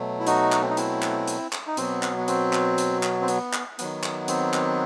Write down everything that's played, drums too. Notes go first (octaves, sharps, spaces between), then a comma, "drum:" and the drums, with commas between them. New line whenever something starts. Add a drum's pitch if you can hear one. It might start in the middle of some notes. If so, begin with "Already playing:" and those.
Already playing: B2 F#3 A3
E4
D#4 F#4, drum: hi-hat
drum: clap
C4
D#4
C4 E4, drum: hi-hat
drum: clap
drum: hi-hat
drum: clap
D#4
B2 F#3 B3 C4, drum: hi-hat
drum: clap
B3
C4, drum: hi-hat
drum: clap
drum: hi-hat
drum: clap
C4
B3, drum: hi-hat
drum: clap
D#3 F#3 B3, drum: hi-hat
drum: clap
C4, drum: hi-hat
drum: clap